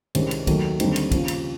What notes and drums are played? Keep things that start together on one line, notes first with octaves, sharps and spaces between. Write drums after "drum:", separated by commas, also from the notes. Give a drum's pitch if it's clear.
C2 C3 D#3 G#3 C#4, drum: cymbal
drum: cymbal
D#2 D#3 F#3 A3, drum: kick, cymbal
D#2 D3 G3 C4 D#4, drum: cymbal
drum: cymbal
D#2 C#3 F3, drum: kick, cymbal
drum: cymbal